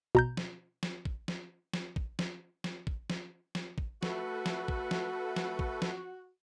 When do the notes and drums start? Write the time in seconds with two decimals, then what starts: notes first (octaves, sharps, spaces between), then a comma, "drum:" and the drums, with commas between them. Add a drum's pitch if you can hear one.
0.15 B2 A#5 G6, drum: kick
0.37 drum: snare
0.83 drum: snare
1.05 drum: kick
1.28 drum: snare
1.73 drum: snare
1.96 drum: kick
2.19 drum: snare
2.64 drum: snare
2.87 drum: kick
3.10 drum: snare
3.55 drum: snare
3.78 drum: kick
4.03 A3 F#4 A4 B4, drum: snare
4.46 drum: snare
4.68 drum: kick
4.91 drum: snare
5.36 drum: snare
5.59 drum: kick
5.82 drum: snare